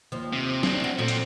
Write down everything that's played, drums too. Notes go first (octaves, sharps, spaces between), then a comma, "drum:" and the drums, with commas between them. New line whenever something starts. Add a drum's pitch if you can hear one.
D#2 F3
C3
C4 D4, drum: snare
E4 F#4
A#2 F3 F#3 A3 C4
drum: hi-hat